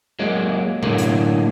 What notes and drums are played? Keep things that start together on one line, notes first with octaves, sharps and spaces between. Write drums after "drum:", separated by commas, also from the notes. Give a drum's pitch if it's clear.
F#3 G#3 A#3
A2 D3 F#3 A#3, drum: tom B2
drum: hi-hat